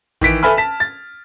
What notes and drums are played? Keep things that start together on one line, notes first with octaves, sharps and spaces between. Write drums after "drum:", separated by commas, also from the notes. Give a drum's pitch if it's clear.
D#3 E3 B6 D7, drum: kick A1
A4 B4 E5 G#5 B5 F6
A5 B6
A6